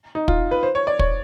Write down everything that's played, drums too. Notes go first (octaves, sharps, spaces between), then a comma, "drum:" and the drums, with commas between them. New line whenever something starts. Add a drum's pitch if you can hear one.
D#4
F4, drum: kick
B4
C5
C#5
D5
C#5, drum: kick